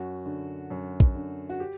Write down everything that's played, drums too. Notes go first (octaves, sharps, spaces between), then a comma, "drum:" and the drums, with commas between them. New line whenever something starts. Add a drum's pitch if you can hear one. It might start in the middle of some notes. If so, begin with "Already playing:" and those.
Already playing: F#2 F#4
D3
F#2
drum: kick
D3
F#4
G4